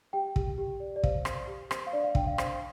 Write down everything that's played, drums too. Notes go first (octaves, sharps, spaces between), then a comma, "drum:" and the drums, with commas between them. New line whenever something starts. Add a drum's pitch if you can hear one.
G4 G5
G4, drum: kick
G4
D5
D5
C5 F5, drum: kick
C5, drum: rim click
G4
C5, drum: rim click
F5
D4 D5
F5
D4 G5, drum: kick
F5
C5, drum: rim click